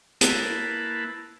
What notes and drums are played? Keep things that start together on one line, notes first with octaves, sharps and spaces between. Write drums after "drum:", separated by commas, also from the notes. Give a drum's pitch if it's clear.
A#3 E4 B4 A5, drum: hi-hat